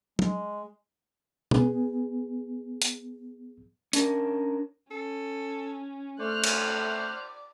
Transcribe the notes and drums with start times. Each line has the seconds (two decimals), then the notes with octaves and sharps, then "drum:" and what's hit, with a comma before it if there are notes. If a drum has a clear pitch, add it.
0.19 G#3, drum: tom
1.51 B3 G#4, drum: tom
2.82 drum: hi-hat
3.93 C#4 D4 A#4, drum: hi-hat
4.91 C#4 A4
6.20 A3 C5 D5 F6 F#6
6.44 drum: cymbal